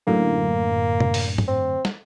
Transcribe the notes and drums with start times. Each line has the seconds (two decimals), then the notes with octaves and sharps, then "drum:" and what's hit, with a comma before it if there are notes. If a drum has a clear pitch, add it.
0.07 F#2 A2 D3 A#3
1.00 drum: tom C3
1.14 drum: open hi-hat
1.38 drum: tom G#2
1.48 C4
1.85 drum: snare